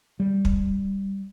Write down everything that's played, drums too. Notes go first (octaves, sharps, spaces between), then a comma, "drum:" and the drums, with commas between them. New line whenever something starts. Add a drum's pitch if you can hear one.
G3
drum: kick